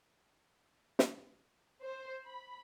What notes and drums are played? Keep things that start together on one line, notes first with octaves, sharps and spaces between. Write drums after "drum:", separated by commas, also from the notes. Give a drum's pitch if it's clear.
drum: snare
C5
B5